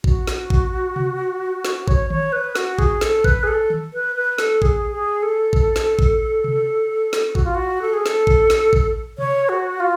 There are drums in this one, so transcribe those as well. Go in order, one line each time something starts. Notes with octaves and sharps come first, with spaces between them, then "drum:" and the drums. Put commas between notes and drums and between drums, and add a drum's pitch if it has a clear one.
F#4, drum: kick A1
drum: snare
drum: kick A1
drum: tom C3
drum: snare
C#5, drum: kick A1
C#5, drum: tom D#3
B4
F#4, drum: snare
G#4, drum: kick A1
A4, drum: snare
B4, drum: kick A1
G#4
A4
drum: tom D#3
B4
B4
A4, drum: snare
G#4, drum: kick A1
G#4
A4
drum: kick A1
drum: snare
drum: kick A1
drum: tom C3
drum: snare
F#4, drum: kick A1
F4
F#4
A4
G#4
A4, drum: snare
drum: kick A1
drum: snare
drum: kick A1
C#5, drum: tom C3
F#4
F4